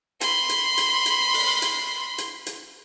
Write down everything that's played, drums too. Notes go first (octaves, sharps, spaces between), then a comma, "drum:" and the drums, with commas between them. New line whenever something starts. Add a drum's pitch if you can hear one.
B5 C6, drum: hi-hat
drum: hi-hat
drum: hi-hat
drum: hi-hat
drum: open hi-hat
drum: hi-hat
drum: hi-hat
drum: hi-hat